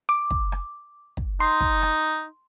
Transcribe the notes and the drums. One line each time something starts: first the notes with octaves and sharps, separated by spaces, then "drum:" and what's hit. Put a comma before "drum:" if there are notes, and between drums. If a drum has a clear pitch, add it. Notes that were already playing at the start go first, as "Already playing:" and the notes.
D6
drum: kick
drum: rim click
drum: kick
D#4 C6
drum: kick
drum: rim click